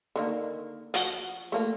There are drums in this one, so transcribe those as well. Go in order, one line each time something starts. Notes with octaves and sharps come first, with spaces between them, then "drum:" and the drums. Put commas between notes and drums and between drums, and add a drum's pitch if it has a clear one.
D3 D#3 A#3
F3 F#4, drum: hi-hat
A3 A#3 F4